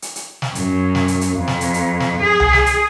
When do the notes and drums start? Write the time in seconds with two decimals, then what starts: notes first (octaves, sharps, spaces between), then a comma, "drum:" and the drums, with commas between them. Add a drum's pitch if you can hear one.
0.02 drum: hi-hat
0.16 drum: hi-hat
0.42 drum: snare
0.55 F#2, drum: hi-hat
0.95 drum: snare
1.08 drum: hi-hat
1.21 drum: hi-hat
1.38 F2
1.48 drum: snare
1.61 drum: hi-hat
1.74 drum: hi-hat
2.00 drum: snare
2.22 G#4
2.40 drum: tom C2
2.53 drum: snare
2.66 drum: hi-hat